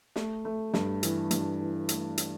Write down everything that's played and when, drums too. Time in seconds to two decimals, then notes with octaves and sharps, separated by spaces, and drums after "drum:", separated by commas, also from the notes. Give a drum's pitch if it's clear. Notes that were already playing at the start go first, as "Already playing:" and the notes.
0.16 A3, drum: snare
0.45 A3
0.74 G2, drum: snare
1.03 E3, drum: hi-hat
1.31 G2, drum: hi-hat
1.60 E3
1.89 A3, drum: hi-hat
2.18 drum: hi-hat